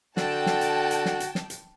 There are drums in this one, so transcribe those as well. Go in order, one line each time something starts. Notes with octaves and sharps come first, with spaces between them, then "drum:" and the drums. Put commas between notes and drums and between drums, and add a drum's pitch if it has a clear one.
D3 F#4 G5 A5, drum: snare
drum: snare
drum: hi-hat
drum: hi-hat
drum: snare
drum: hi-hat
drum: snare
drum: hi-hat